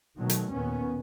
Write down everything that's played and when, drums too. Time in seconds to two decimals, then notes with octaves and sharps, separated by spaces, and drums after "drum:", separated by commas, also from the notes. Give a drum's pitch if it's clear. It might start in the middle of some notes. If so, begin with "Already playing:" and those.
0.19 B2 D#3 F#3 A3
0.29 drum: hi-hat
0.51 D#2 A#2 B3 C#4